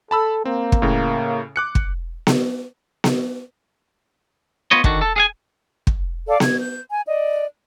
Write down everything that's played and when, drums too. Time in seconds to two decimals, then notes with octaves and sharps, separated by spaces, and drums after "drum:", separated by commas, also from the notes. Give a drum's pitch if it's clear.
0.11 A4 A5 B5 E6
0.45 A#3 C4
0.72 drum: kick
0.82 A2 C#3
1.56 D6 F#6 C#7
1.75 drum: kick
2.27 drum: snare B3
3.04 drum: snare B3
4.71 B3 F4 B4 C#5 D#5
4.84 D3 D#3 F#4, drum: kick
5.02 A4
5.16 G#4 F5 G#5
5.87 drum: kick
6.28 A4 D5 F5
6.40 G#6, drum: snare B3
6.59 G6
6.91 G#5
7.07 D5 D#5